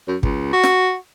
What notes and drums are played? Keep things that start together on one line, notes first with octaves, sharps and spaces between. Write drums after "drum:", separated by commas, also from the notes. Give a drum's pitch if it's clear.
F#2
C#2, drum: kick
F#4
drum: snare